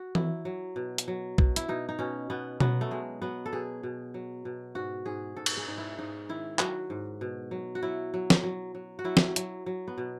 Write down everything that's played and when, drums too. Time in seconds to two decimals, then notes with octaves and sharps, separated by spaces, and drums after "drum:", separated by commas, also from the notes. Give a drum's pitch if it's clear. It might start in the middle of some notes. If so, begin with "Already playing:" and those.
Already playing: F#4
0.15 F#3 E4, drum: tom E3
0.45 F#3
0.76 B2
0.98 drum: hi-hat
1.08 F#3
1.38 B2, drum: kick B1
1.56 E4, drum: hi-hat
1.68 B2 D#4
1.89 D#4
1.99 B2 C#4
2.30 B2 B3
2.60 F#3 B3, drum: tom B2
2.81 A3
2.91 B2 G#3
3.22 F#3 B3
3.46 A4
3.53 B2 G#4
3.83 B2
4.14 F#3
4.45 B2
4.75 G#2 F#4
5.06 G#2 G#4
5.36 G#2 A4
5.46 drum: cymbal
5.57 G#4
5.68 G#2 D#4
5.78 E4
5.99 G#2 D#4
6.29 D#3 E4
6.59 F#3 F#4, drum: clap
6.90 G#2
7.21 B2
7.51 F#3
7.75 F#4
7.83 F#3 E4
8.14 F#3
8.30 drum: snare
8.43 F#3
8.75 F#3
8.99 F#4
9.04 F#3 E4
9.17 drum: snare
9.36 F#3, drum: hi-hat
9.66 F#3
9.88 B3
9.98 B2